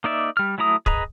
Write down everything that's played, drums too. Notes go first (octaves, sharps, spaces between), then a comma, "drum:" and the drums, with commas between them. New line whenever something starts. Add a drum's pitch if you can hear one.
A#3 D#4 D5 E5
G3 F6
F#3 A3 E4 A#5 D#6
G#4 B4 D#5 A#5, drum: kick